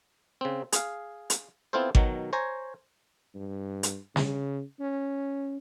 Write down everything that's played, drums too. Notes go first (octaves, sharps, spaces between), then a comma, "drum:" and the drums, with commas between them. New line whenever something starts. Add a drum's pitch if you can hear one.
C#3 C4
G#4 F5, drum: hi-hat
drum: hi-hat
B3 C4 E4 F4 A4 C5
B2 D#3 F#3, drum: kick G#1
C5 C#5 G#5 A#5
G2
drum: hi-hat
C#3, drum: snare
C#4